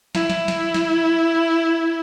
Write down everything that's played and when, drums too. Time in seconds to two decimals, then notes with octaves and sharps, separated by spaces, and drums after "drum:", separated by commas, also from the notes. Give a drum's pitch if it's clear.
0.15 E4, drum: snare
0.30 drum: snare
0.48 drum: snare
0.74 drum: snare